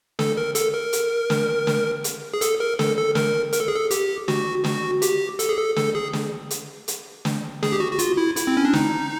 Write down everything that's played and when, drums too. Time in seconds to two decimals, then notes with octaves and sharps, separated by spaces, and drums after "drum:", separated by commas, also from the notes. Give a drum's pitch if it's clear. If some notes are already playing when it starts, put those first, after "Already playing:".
0.19 A4, drum: snare
0.37 A#4
0.55 A4, drum: hi-hat
0.74 A#4
0.93 drum: hi-hat
1.30 drum: snare
1.67 drum: snare
2.04 drum: hi-hat
2.34 G#4
2.41 A4, drum: hi-hat
2.60 A#4
2.79 A4, drum: snare
2.97 A4
3.15 A#4, drum: snare
3.53 A#4, drum: hi-hat
3.60 A4
3.68 G#4
3.76 A4
3.91 G4, drum: hi-hat
4.28 F#4, drum: snare
4.64 F#4, drum: snare
5.02 G4, drum: hi-hat
5.39 A4, drum: hi-hat
5.49 G#4
5.58 A4
5.76 A4, drum: snare
5.95 G#4
6.13 drum: snare
6.51 drum: hi-hat
6.88 drum: hi-hat
7.25 drum: snare
7.63 G#4, drum: snare
7.72 G4
7.80 F#4
7.92 F#4
7.99 F4, drum: hi-hat
8.17 E4
8.36 E4, drum: hi-hat
8.47 C4
8.57 C#4
8.65 D4
8.73 D#4, drum: snare